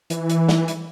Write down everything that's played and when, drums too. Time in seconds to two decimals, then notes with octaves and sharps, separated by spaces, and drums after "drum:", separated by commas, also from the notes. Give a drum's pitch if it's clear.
0.10 E3, drum: hi-hat
0.29 drum: hi-hat
0.49 drum: snare
0.68 drum: hi-hat